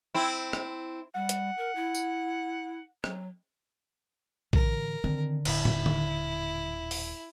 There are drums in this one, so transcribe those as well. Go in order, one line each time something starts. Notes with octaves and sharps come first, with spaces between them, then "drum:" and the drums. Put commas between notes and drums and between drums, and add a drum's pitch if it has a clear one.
C4 E4
drum: rim click
G3 F#5
drum: hi-hat
A#4
E4
drum: tambourine
F#3, drum: rim click
A2 D3 E3 A#4, drum: kick
D3 D#3 C4
D#1 A2 E4, drum: cymbal
drum: tom
drum: tom D3
drum: open hi-hat